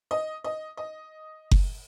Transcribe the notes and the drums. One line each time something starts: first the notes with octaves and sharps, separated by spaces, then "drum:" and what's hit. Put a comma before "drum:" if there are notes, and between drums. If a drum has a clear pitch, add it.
D#5
D#5
D#5
drum: kick F#1